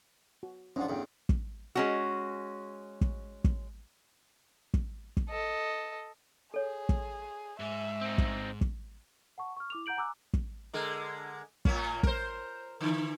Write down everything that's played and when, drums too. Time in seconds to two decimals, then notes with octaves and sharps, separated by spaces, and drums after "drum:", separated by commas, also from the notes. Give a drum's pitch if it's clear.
0.43 F#4
0.76 G#2 F3 C#4 D4 F#5
0.89 A1 E2 E5 F5 G5
1.29 drum: kick
1.75 G#3 C#4 F#4
3.01 drum: kick
3.44 drum: kick
4.74 drum: kick
5.17 drum: kick
5.30 A4 D#5
6.54 G#4 A4 C#5
6.89 drum: kick
7.60 G#2 E5
8.01 C4 D#4
8.18 drum: kick
8.61 drum: kick
9.38 F#5 A5 C#6
9.57 C#6 F6
9.70 E4 D6 F7
9.86 F#5 A#5 G6 D7 F#7
9.97 G#5 A#5 D6 E6 F#6
10.33 drum: kick
10.73 D3 G#3 A#4
11.65 A2 A#3 C#4, drum: kick
12.03 A#4 C5, drum: kick
12.81 D3 E3